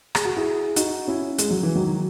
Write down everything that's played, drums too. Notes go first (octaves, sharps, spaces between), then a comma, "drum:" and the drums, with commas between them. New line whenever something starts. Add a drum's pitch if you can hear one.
G#4, drum: rim click
F#4
E4 G#4
D#4 F#4, drum: hi-hat
C#4 E4
G#3, drum: hi-hat
F#3
E3
D#3 F#3